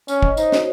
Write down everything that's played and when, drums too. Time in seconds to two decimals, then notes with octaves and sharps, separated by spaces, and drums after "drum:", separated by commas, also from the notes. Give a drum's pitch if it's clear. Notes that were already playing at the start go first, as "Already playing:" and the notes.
0.08 C#4 C#5, drum: tambourine
0.23 D#5, drum: kick
0.37 D#4 C5, drum: tambourine
0.52 F#4, drum: snare